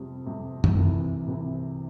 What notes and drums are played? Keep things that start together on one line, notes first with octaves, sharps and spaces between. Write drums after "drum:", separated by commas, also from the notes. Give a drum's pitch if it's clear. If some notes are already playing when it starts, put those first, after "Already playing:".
Already playing: F2 C3 G3
F2 C3 G3
drum: tom
C2 C3 E3
C2 C3 E3